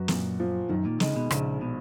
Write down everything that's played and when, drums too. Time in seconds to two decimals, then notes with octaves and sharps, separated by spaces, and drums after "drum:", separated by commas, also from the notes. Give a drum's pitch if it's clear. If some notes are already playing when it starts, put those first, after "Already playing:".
Already playing: F#2 B3 F#4
0.08 A#2, drum: snare
0.40 F3
0.69 F#2 D#3
0.85 A#2
1.00 C#3 G#3, drum: snare
1.16 B2
1.31 A#1 C#3, drum: rim click
1.61 B2